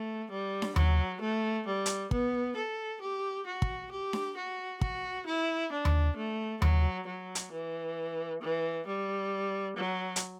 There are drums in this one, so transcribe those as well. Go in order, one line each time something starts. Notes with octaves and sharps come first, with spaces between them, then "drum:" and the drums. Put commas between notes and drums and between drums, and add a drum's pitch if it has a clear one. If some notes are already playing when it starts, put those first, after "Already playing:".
Already playing: A3
G3
drum: snare D4
F#3, drum: tom D#2
A3
G3
drum: hi-hat
B3, drum: kick
A4
G4
F#4
drum: kick
G4
drum: snare D4
F#4
F#4, drum: kick
E4
D4
drum: tom D#2
A3
F#3, drum: tom D#2
F#3
drum: hi-hat
E3
E3
G3
F#3
drum: hi-hat